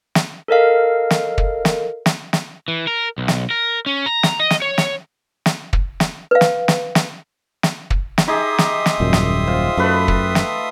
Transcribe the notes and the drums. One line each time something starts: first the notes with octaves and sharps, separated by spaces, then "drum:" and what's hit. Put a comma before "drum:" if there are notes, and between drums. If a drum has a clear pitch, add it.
drum: snare
A4 A#4 D#5 F5
drum: snare
drum: kick
drum: snare
drum: snare
drum: snare
E3
A#4
B1
drum: snare
A#4
C#4
A#5
drum: snare
D#5
drum: snare
C#5
drum: snare
drum: snare
drum: kick
drum: snare
B4 F5
drum: snare
drum: snare
drum: snare
drum: snare
drum: kick
drum: snare
D#4 G4 G#4 E5 C6 D#6
drum: snare
drum: snare
D#1 F#2 A#2
drum: snare
F4 C5
F#2 A3 B4
drum: kick
drum: snare